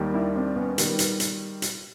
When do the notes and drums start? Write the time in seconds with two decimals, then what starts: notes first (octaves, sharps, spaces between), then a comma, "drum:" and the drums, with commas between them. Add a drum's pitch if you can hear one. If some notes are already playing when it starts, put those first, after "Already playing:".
Already playing: D#2 D#3 G3
0.14 D4 E4
0.35 C4 D4
0.56 B3 C#4
0.78 D#3 G3 B3, drum: hi-hat
0.99 drum: hi-hat
1.20 drum: hi-hat
1.62 drum: hi-hat